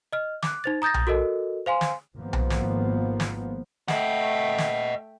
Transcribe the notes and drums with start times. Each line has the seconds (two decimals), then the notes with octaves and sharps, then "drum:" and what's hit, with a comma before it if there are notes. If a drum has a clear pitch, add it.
0.13 D#5 F6
0.43 D6 F#6, drum: snare
0.64 D#4 C5 A6
0.82 A#5 D#6 G6 A6 A#6
0.94 drum: tom B1
1.07 F#4 A4 A#4 D#5
1.66 C5 F5 G#5 C6
1.81 drum: snare
2.16 G#1 F3 A#3 B3
2.33 drum: tom B1
2.50 drum: snare
3.20 drum: snare
3.88 A3 D#5 F#5 G5, drum: snare
4.58 drum: snare